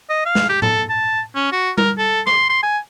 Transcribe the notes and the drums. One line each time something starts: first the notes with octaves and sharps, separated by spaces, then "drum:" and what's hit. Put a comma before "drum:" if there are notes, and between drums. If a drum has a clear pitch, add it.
D#5
F5
drum: snare
G4
A4, drum: tom A2
A5
C#4
F#4
A#4, drum: tom G3
A4
C6, drum: rim click
C6
G#5